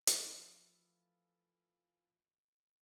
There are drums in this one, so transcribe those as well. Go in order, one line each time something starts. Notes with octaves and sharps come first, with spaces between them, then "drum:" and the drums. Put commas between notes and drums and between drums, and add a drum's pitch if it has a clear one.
E3 F3 A3, drum: hi-hat